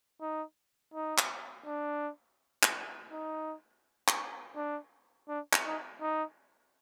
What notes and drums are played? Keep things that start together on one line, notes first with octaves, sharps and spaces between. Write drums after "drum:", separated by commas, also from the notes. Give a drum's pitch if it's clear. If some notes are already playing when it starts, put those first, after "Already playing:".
D#4
D#4
drum: clap
D4
drum: clap
D#4
drum: clap
D4
D4
drum: clap
D#4
D#4